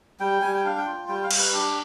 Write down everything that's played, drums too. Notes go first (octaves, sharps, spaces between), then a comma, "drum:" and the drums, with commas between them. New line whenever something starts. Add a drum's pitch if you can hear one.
G3 G5
G3 G#5
G5
D4 F5
G5
F4
G3 G5
F5
G3, drum: cymbal
B4
D4 G4